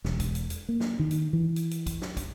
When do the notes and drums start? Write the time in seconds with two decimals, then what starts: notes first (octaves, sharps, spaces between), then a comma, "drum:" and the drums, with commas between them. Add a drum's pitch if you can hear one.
0.05 E1, drum: snare
0.20 drum: kick, hi-hat
0.35 drum: hi-hat
0.50 drum: hi-hat
0.69 A#3
0.80 drum: snare
0.99 D#3
1.11 drum: hi-hat
1.33 E3
1.56 drum: hi-hat
1.71 drum: hi-hat
1.86 drum: kick, hi-hat
2.02 drum: snare
2.17 drum: kick, hi-hat